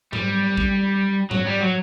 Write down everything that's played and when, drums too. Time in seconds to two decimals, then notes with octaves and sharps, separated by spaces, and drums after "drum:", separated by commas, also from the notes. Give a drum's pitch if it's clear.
0.13 G3, drum: tom G#2
0.57 drum: kick A1
1.31 F#3, drum: tom G#2
1.47 G3
1.61 F#3